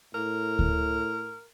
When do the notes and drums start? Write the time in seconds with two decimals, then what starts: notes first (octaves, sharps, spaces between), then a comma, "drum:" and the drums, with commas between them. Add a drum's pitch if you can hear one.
0.15 A2 A#4
0.59 drum: kick D2